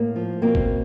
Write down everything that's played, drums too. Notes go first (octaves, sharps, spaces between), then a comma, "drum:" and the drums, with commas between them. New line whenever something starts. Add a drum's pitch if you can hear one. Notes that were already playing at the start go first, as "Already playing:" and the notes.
Already playing: A2 A#3
F3
B2 A#3 C4
drum: kick